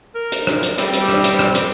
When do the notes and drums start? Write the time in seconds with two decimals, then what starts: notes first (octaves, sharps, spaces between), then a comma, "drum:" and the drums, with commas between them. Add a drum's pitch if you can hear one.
0.15 A#4
0.32 drum: hi-hat
0.47 drum: rim click
0.63 drum: hi-hat
0.78 G3 C4, drum: hi-hat
0.93 drum: hi-hat
1.09 drum: rim click
1.24 drum: hi-hat
1.39 drum: rim click
1.55 drum: hi-hat